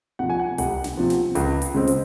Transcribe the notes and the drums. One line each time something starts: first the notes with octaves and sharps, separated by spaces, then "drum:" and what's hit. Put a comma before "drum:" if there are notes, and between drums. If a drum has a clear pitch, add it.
C3 F3 F#5
G#5
F#5
C2 F#5, drum: hi-hat
drum: snare
C3 F3
drum: snare
C#2, drum: hi-hat
drum: hi-hat
C#3 G#3 C4
drum: hi-hat